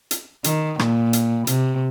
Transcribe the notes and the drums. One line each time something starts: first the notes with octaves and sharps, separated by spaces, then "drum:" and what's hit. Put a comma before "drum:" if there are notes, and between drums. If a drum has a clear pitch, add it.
drum: hi-hat
D#3, drum: hi-hat
A#2, drum: rim click
drum: hi-hat
C3, drum: hi-hat